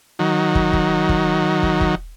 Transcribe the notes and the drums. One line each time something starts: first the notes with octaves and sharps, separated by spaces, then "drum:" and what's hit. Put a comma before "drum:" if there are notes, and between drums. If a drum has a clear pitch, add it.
D#3 F#3
drum: kick
drum: kick
drum: kick
drum: kick
drum: kick